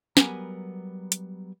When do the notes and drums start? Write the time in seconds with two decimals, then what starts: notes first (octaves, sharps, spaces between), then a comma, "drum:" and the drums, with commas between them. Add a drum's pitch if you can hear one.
0.17 F#3 G3 B3 A#4 G#5, drum: snare
1.12 drum: hi-hat